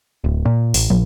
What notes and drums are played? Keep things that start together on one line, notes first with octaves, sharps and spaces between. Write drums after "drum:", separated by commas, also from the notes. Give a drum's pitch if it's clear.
D1
A#2
A1, drum: open hi-hat
A#1, drum: tom